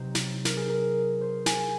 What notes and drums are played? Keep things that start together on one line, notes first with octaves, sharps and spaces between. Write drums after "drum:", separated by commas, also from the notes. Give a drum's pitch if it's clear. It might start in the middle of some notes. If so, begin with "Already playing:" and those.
Already playing: C3 F#3 C4 D#4 C5
drum: snare
A#4, drum: snare
G#4
A#4
C5
G#5, drum: snare